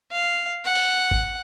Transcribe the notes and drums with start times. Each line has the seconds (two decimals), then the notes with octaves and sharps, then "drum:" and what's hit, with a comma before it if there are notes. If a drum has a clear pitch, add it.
0.12 F5
0.65 F#5
0.75 drum: open hi-hat
1.11 drum: kick G#1